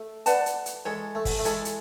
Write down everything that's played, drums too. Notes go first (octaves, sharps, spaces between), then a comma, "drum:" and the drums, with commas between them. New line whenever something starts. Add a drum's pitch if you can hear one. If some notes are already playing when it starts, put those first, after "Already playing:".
Already playing: A3
B4 D5 F#5 A5, drum: hi-hat
drum: hi-hat
drum: hi-hat
G#3 E4 A4 C#5
A3
drum: kick, open hi-hat
A3
G#3 E4 A4 C#5, drum: hi-hat
drum: hi-hat